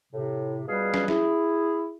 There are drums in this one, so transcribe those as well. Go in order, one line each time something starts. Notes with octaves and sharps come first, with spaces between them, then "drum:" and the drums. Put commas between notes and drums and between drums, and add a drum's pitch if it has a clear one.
A2 C3
C#2 B2 G3 G#4 B4 F5
drum: snare
E4 G#4, drum: snare